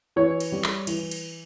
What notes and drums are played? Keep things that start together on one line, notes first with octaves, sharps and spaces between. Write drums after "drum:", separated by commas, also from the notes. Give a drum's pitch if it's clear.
E3 C#5
drum: cymbal
G3
drum: clap
E3, drum: cymbal
drum: cymbal